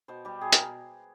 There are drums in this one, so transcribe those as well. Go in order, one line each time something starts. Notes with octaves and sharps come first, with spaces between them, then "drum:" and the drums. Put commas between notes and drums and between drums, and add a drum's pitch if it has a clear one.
B2 C5
G3 G4
B2 G#4
A#4, drum: hi-hat